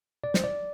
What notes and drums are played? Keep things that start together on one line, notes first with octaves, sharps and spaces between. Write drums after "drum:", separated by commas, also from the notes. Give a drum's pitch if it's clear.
D5
C5, drum: snare
D5